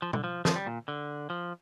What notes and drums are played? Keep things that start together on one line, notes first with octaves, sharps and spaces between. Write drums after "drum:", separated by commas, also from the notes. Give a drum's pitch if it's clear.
F3
D3, drum: tom
F3
F3, drum: snare
G3
A#2
D3
F3